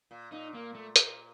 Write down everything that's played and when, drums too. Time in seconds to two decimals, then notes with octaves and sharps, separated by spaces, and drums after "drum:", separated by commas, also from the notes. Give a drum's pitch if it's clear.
0.11 A#2
0.32 A#2 D#4
0.54 A#3
0.75 A3
0.96 drum: hi-hat